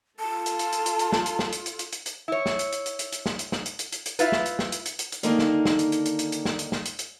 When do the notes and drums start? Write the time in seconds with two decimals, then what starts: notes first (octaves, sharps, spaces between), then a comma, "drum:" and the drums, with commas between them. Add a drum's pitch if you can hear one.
0.19 F4 A4 A5
0.46 drum: hi-hat
0.59 drum: hi-hat
0.72 drum: hi-hat
0.86 drum: hi-hat
0.99 drum: hi-hat
1.12 drum: snare
1.26 drum: hi-hat
1.39 drum: snare
1.52 drum: hi-hat
1.66 drum: hi-hat
1.79 drum: hi-hat
1.92 drum: hi-hat
2.06 drum: hi-hat
2.28 E4 C#5
2.46 drum: snare
2.59 drum: hi-hat
2.72 drum: hi-hat
2.86 drum: hi-hat
2.99 drum: hi-hat
3.12 drum: hi-hat
3.26 drum: snare
3.39 drum: hi-hat
3.52 drum: snare
3.66 drum: hi-hat
3.79 drum: hi-hat
3.92 drum: hi-hat
4.06 drum: hi-hat
4.19 E4 F4 B4, drum: hi-hat
4.32 drum: snare
4.46 drum: hi-hat
4.59 drum: snare
4.72 drum: hi-hat
4.86 drum: hi-hat
4.99 drum: hi-hat
5.12 drum: hi-hat
5.23 D3 D#3 A#3 D#4, drum: hi-hat
5.39 drum: snare
5.65 drum: snare
5.79 drum: hi-hat
5.92 drum: hi-hat
6.05 drum: hi-hat
6.19 drum: hi-hat
6.32 drum: hi-hat
6.45 drum: snare
6.59 drum: hi-hat
6.72 drum: snare
6.85 drum: hi-hat
6.99 drum: hi-hat